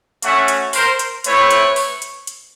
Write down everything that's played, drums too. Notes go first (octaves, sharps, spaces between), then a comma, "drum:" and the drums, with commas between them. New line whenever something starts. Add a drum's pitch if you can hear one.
A3 C#4 F#4 E5 F#5, drum: hi-hat
drum: hi-hat
A#4 C5, drum: open hi-hat
drum: hi-hat
A3 C4 E4 B4 C#5, drum: hi-hat
drum: hi-hat
drum: open hi-hat
drum: hi-hat
drum: hi-hat